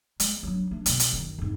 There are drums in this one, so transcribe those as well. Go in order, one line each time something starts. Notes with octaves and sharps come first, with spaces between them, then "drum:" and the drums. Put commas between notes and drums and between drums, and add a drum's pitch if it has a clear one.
G#3, drum: hi-hat
F#3 D4
A3 D4
B2 D#3, drum: hi-hat
drum: hi-hat
F#2 D#3
F2 G#2